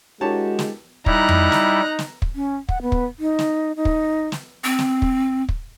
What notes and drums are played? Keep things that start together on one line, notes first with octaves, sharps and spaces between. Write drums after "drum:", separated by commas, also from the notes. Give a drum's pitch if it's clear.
G#3 D4 E4 F#4 G4 A#4 C#5 A5
drum: snare
G3 D#4 E4 A#5 F#6, drum: kick
drum: tom F2
drum: snare
drum: snare
drum: kick
C#4
F#5, drum: kick
B3
drum: kick
D#4
drum: snare
D#4
drum: kick
drum: snare
C4
drum: snare
drum: kick
drum: kick